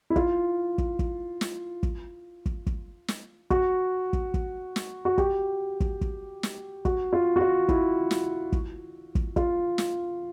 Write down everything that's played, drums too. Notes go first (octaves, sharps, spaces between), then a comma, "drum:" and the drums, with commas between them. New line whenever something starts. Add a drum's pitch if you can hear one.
E4
F4, drum: kick
drum: kick
drum: kick
drum: snare
drum: kick
drum: kick
drum: kick
drum: snare
F#4, drum: kick
drum: kick
drum: kick
drum: snare
F#4
G4, drum: kick
drum: kick
drum: kick
drum: snare
F#4, drum: kick
F4
F#4
F4
E4, drum: kick
drum: snare
drum: kick
drum: kick
F4, drum: kick
drum: snare